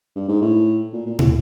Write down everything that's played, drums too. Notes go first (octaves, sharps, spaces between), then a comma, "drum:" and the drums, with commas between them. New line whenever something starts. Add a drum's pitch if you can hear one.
G2
G#2
A2
A#2
A#2
A2, drum: tom